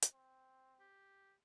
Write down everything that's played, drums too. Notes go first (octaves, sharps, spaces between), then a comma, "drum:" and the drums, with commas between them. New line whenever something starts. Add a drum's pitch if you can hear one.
drum: hi-hat
C4
G4